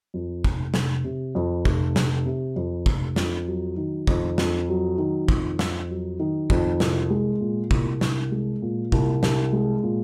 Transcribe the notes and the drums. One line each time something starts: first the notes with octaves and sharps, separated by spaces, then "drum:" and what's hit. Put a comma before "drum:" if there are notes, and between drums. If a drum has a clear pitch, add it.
F2
F1, drum: kick
F1, drum: snare
C3
F2
F1, drum: kick
F1, drum: snare
C3
F2
F1, drum: kick
F2, drum: snare
F#3
D#3
F2, drum: kick
F2, drum: snare
F#3
D#3
F2, drum: kick
F2, drum: snare
F#3
D#3
F2, drum: kick
C2, drum: snare
G#3
A#2
C2, drum: kick
C2, drum: snare
G#3
A#2
C2, drum: kick
C2, drum: snare
G#3
A#2